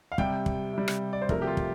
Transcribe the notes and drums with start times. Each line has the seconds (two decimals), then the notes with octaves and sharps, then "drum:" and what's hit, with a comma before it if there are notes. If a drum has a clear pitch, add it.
0.12 F5
0.18 C3 G3 G5, drum: kick
0.46 drum: kick
0.73 C3 G3
0.88 drum: rim click
1.13 D5
1.22 C5
1.29 C3 F3 A3 A#4, drum: kick
1.42 G4
1.47 F4
1.57 drum: kick